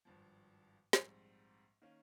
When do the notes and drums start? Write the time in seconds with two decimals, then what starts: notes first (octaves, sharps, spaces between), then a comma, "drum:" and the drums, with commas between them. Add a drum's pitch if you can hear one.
0.05 G#1 G2 F3
0.93 A#1 G#2 G3 C4, drum: snare
1.82 D#3 A#3 C#4